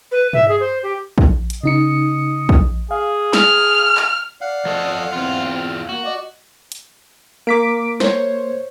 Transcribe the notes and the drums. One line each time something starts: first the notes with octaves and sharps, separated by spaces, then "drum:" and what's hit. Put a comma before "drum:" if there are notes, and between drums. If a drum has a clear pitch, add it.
B4
E5, drum: tom
G#4
C5
G4
drum: kick
drum: hi-hat
C#3 D#4 D#5 C#7
drum: kick
G#4 F5
F6, drum: snare
drum: clap
D5 F5 F#5
F3 A4 D#5
E2 C4 F4
A#3 F#4
D5 D#5
drum: hi-hat
A#3 D6 B6 D7
C5 C#5, drum: snare